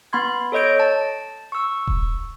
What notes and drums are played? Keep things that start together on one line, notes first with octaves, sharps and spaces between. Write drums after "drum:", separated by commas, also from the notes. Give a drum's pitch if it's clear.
B3 B5 C6 G#6
A4 C#5 D#5 G6 D7
A5
C#6 E6
drum: kick D#1